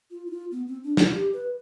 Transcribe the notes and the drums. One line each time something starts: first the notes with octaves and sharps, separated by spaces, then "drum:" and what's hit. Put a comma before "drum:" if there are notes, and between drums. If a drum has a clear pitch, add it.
F4
E4
F4
B3
C4
D4
E4, drum: snare
F4
G4
B4